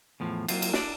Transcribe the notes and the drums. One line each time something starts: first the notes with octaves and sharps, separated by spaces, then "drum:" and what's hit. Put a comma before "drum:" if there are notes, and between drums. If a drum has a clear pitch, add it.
E2 A2 F3
F#3 A#3 C4 F4, drum: cymbal
drum: cymbal
D4 D5, drum: snare